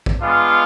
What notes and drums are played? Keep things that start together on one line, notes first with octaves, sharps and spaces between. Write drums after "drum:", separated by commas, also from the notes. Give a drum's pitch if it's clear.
drum: kick
G#3 B3 D4 F4 F5